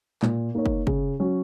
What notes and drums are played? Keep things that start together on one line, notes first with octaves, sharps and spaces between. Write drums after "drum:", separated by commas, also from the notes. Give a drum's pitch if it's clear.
A#2, drum: clap
A#3 D#4 A#4 C#5
drum: kick
C#3, drum: kick
F#3 C#4